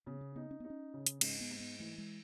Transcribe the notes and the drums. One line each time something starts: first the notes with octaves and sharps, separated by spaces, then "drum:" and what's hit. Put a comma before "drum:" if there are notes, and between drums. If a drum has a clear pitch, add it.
C#3 B3
C#4
B3 D#4
C#4
B3 D#4
C#4
C#3
drum: hi-hat
G#2 C#4, drum: cymbal
B3
G#2
B3
E3 A3
G#3